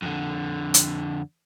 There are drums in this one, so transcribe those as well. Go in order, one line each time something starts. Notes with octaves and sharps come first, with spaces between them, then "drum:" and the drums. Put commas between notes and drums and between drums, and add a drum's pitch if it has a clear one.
F2 D3
drum: hi-hat